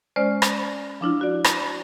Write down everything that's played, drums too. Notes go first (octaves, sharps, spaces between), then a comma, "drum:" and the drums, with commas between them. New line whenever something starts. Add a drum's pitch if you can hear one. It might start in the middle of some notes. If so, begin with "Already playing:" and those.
G#3 C#4 C5 D5 F6
drum: rim click
F3 D4 E4 F4
F#4 D5
drum: rim click